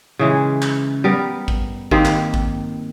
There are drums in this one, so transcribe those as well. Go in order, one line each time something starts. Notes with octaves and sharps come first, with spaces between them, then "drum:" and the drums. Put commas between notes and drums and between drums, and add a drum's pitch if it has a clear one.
C#3 E3 G#3
drum: clap
G3 B3 A#4
drum: kick A1
D#3 A#3 C4 G4, drum: kick A1
drum: clap
drum: kick A1